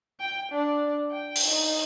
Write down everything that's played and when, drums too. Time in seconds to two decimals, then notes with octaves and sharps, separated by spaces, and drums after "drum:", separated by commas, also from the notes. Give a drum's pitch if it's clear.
0.20 G5
0.52 D4
1.12 G5
1.36 drum: open hi-hat
1.47 D#4